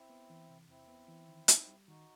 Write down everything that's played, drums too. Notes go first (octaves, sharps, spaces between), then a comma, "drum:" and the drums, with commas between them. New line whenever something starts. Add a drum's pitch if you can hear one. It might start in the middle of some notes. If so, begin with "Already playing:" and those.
Already playing: C4 E4
B3
E3
C3
E2 C4 E4
B3
E3
D#3
D#4, drum: hi-hat
G3
D#3 D#4 F#4